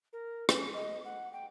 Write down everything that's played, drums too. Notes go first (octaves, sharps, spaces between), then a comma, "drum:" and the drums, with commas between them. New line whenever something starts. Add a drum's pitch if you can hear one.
A#4
C#4, drum: rim click
D#5
F#5
G5